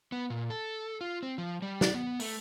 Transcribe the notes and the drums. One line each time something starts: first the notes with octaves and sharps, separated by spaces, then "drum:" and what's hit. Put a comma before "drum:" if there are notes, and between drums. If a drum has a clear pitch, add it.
B3
A#2
A4
F4
C4
F3
G3
D5, drum: snare
B3
A3, drum: open hi-hat